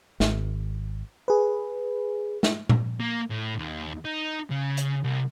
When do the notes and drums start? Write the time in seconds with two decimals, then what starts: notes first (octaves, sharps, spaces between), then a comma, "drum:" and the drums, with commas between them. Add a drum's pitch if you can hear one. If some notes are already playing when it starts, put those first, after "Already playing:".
0.20 G#1, drum: snare
1.28 G#4 B4
2.43 drum: snare
2.69 drum: tom A#2
3.01 A#3
3.31 A2
3.59 D#2
4.05 D#4
4.50 C#3
4.77 drum: hi-hat
5.04 C2